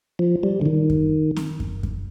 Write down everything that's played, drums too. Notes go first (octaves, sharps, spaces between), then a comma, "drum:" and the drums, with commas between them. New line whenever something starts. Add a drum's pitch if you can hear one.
F3
G3
D3
D#3
drum: kick F#2
drum: snare C4
drum: kick F#2
drum: kick F#2